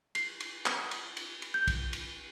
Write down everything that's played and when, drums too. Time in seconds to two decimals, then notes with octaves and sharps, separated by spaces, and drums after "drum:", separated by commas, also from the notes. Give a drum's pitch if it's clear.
0.15 C7, drum: cymbal
0.40 drum: cymbal
0.66 drum: clap
0.91 drum: cymbal
1.17 drum: cymbal
1.42 drum: cymbal
1.54 G6
1.67 drum: kick, cymbal
1.93 drum: cymbal